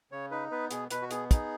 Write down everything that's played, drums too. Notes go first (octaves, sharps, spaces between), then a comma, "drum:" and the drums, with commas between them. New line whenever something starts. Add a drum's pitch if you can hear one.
C#3 C#5
D#4 B4
B3 B4
B2 G#4, drum: hi-hat
B2 B4, drum: hi-hat
F#4
B3 G#4, drum: hi-hat
D#4 G#4, drum: kick, hi-hat